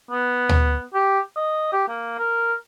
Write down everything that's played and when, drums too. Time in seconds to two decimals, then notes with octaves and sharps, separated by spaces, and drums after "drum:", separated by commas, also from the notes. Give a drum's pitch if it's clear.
0.11 B3
0.49 drum: tom
0.94 G4
1.36 D#5
1.73 G4
1.88 A#3
2.18 A#4